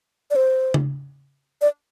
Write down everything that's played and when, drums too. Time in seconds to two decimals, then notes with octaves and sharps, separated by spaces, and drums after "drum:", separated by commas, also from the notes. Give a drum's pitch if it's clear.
0.31 D5
0.36 C5
0.74 drum: tom C#3
1.62 D5